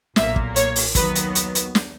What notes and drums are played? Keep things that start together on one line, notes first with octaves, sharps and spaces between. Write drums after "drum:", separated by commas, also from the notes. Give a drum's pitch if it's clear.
B1 A#2 A#3 E5, drum: snare
drum: kick
C#5, drum: hi-hat
drum: open hi-hat
D#2 D#3 F#3 B3 B4, drum: kick, hi-hat
drum: hi-hat
drum: hi-hat
drum: hi-hat
drum: snare